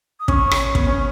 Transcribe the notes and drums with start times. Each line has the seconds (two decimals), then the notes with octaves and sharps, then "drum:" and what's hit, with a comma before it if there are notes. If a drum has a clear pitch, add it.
0.20 D#6
0.28 C#4 C#6, drum: kick
0.51 drum: rim click
0.75 B3, drum: kick
0.87 C#4